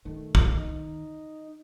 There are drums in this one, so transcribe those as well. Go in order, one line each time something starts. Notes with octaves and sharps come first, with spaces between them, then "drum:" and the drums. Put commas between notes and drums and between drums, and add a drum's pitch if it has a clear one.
D#3 A3
drum: kick
D#4